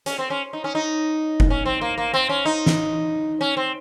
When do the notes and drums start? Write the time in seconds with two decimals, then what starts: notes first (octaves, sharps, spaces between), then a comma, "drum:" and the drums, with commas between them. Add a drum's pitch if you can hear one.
0.06 C#4, drum: hi-hat
0.18 C4
0.30 C#4
0.53 D#4
0.64 C#4
0.75 D#4
1.40 drum: kick F1
1.50 C#4
1.65 C4
1.81 A#3
1.98 A#3
2.14 C4
2.29 C#4
2.45 D#4
2.66 drum: snare
3.41 C#4
3.57 C4